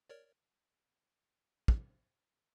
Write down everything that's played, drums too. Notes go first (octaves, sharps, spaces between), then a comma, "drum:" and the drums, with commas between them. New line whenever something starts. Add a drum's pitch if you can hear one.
A#4 C#5 D5
drum: kick